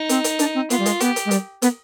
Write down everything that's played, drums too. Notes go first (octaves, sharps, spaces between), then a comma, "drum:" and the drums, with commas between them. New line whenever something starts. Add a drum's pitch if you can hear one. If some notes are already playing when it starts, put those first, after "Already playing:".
Already playing: D#4
C4, drum: hi-hat
drum: hi-hat
D4, drum: hi-hat
C4
B3 F4, drum: hi-hat
G3
G#3, drum: hi-hat
B3 G4, drum: hi-hat
drum: hi-hat
G#3
G3, drum: hi-hat
B3, drum: hi-hat